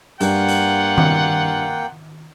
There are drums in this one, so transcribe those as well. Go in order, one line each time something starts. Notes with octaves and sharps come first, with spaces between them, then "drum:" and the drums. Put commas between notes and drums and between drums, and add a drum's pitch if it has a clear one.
G2 A#3 F4 F#5 G5, drum: hi-hat
drum: hi-hat
drum: tom D#3